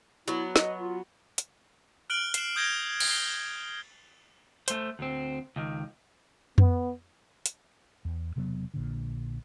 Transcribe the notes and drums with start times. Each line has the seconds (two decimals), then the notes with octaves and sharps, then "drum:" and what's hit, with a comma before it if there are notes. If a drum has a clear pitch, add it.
0.28 F#3 B3 E4
0.56 D#5, drum: snare
0.79 F4
1.38 drum: hi-hat
2.10 F6 F#6 D7 F#7 G7
2.34 C7 E7, drum: hi-hat
2.56 D#6 G6 G#6 A#6 D7 G7
3.00 drum: cymbal
3.10 C7 G7
4.68 A3 C5, drum: hi-hat
4.99 D2 C4
5.56 C#2 D#3
6.58 B3, drum: tom F2
7.46 drum: hi-hat
8.05 E2
8.36 E1 C3 F#3 B3
8.74 A#1 A#2 D3